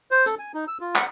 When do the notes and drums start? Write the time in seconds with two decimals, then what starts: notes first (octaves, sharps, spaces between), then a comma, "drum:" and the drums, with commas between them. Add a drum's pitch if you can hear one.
0.11 C5
0.26 A4, drum: hi-hat
0.39 G#5
0.54 D#4
0.68 E6
0.81 F4
0.96 F#5, drum: clap